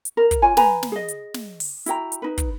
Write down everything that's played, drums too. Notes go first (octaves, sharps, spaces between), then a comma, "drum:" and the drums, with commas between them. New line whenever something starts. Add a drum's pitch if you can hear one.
drum: hi-hat
A#4
drum: kick, hi-hat
F4 C#5 G#5
B4 G#5 A#5 B5, drum: snare
drum: snare
G#4 D#5
drum: hi-hat
drum: snare
drum: open hi-hat
E4 F#4 G5 A#5, drum: hi-hat
drum: hi-hat
D#4 B4
drum: kick, hi-hat